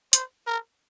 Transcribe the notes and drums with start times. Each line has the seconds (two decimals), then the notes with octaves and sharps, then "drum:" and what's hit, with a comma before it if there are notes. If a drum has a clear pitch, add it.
0.13 C5, drum: hi-hat
0.47 A#4